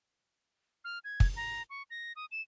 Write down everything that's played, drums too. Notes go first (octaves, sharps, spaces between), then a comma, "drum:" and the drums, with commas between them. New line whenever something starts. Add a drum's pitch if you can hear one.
F6
G#6
drum: kick
A#5
C#6
A#6
D#6
E7